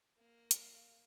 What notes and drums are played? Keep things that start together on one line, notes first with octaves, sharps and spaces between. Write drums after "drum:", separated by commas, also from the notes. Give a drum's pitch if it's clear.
A#3 F5
drum: hi-hat